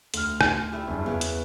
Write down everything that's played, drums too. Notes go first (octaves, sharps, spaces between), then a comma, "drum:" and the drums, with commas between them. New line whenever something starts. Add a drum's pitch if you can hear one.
D2 F6, drum: hi-hat
drum: rim click
G3 A3 E4
F#1 G2 C#4
E2 C#3 B4
drum: hi-hat